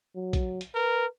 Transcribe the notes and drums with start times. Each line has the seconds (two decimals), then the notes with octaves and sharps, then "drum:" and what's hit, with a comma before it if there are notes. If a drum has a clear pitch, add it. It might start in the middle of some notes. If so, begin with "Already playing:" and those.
0.15 F#3
0.33 drum: kick, hi-hat
0.61 drum: hi-hat
0.75 A#4 B4